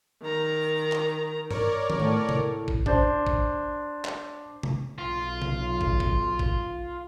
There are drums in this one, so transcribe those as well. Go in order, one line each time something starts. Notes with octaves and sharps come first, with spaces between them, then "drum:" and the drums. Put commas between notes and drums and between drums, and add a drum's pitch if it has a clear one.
D#3 A#5
drum: clap
A#4 C#5 D5, drum: tom G2
drum: tom D#3
A2
drum: tom C3
drum: kick
D4 C5, drum: kick
drum: kick
drum: clap
drum: tom C3
B1 F4
drum: tom C3
drum: kick
drum: kick
drum: kick